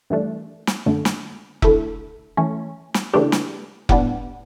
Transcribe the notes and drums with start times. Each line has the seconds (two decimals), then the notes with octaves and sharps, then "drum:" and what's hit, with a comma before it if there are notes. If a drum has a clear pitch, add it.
0.10 G2 E3 A3 D4
0.67 drum: snare
0.86 F#2 D3 A3
1.05 drum: snare
1.62 D3 A3 E4, drum: kick F1
2.37 E3 A3 C#4
2.94 drum: snare
3.13 C#3 E3 A3 D4 G4
3.32 drum: snare
3.89 A2 G3 B3 D4, drum: kick F1